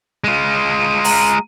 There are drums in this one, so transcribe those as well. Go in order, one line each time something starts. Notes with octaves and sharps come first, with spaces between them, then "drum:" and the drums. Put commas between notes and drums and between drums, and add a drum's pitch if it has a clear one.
G#3 F4
A#5, drum: open hi-hat